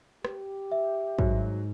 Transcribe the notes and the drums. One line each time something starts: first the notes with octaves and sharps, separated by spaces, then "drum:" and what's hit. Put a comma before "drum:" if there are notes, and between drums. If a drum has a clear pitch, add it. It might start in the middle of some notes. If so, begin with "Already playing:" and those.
G4, drum: rim click
E5
G#2 F#3, drum: kick